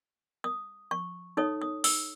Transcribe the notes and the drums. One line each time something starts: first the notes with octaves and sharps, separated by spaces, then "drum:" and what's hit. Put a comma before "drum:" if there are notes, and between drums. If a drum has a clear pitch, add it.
D#6
C#6
D#4 A4 C#5 D#6
D#6
E6, drum: open hi-hat